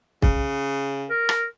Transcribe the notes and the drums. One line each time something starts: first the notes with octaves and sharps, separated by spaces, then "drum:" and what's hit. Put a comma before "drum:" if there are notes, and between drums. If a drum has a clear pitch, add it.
C#3, drum: kick
A#4
drum: rim click